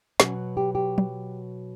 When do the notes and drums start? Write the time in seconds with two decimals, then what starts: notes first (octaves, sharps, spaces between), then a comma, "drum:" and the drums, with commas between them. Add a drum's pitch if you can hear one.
0.20 B2 F#3 B3 C#4, drum: snare
0.57 G4
0.75 G4
0.98 drum: tom